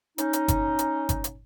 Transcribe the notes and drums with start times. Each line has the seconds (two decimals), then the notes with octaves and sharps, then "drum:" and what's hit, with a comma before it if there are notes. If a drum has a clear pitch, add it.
0.18 C#4 D#4, drum: hi-hat
0.33 drum: hi-hat
0.48 drum: kick G1, hi-hat
0.79 drum: hi-hat
1.09 drum: kick G1, hi-hat
1.24 drum: hi-hat